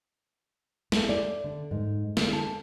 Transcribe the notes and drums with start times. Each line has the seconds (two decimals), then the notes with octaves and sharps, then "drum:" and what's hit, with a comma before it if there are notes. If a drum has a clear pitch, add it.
0.92 A3, drum: snare
1.09 D5
1.44 D3
1.71 G#2
2.17 D3, drum: snare
2.33 A5